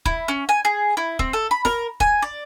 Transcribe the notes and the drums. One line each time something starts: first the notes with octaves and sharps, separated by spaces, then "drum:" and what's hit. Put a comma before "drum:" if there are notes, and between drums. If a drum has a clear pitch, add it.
E4, drum: kick
C#4
G#5
G#4
E4
C4, drum: kick
A4
B5
A#4, drum: snare
G#5, drum: kick
D5